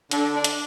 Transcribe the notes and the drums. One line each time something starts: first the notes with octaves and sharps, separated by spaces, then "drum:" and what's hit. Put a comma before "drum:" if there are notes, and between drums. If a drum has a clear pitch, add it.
D3, drum: hi-hat
D4
drum: hi-hat